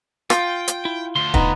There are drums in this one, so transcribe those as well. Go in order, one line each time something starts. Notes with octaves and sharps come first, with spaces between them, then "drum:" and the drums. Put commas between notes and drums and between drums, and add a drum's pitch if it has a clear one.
F4 G5, drum: rim click
drum: hi-hat
E4
D2 C6
B3 D#4, drum: kick